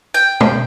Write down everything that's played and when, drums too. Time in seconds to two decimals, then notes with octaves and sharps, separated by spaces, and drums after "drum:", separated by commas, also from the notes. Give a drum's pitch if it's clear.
0.14 G5
0.40 drum: tom B2